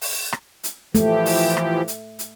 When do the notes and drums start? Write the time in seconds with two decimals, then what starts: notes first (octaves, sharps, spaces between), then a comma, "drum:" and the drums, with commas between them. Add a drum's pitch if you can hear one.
0.01 drum: open hi-hat
0.33 drum: rim click
0.64 drum: hi-hat
0.95 E3 F3 A3 G4, drum: hi-hat
1.26 drum: open hi-hat
1.57 drum: rim click
1.88 drum: hi-hat
2.19 drum: hi-hat